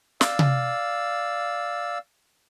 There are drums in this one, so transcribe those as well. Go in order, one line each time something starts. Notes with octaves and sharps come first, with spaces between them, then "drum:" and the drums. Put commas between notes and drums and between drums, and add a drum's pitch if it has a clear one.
D5 F5 E6, drum: snare
drum: tom C3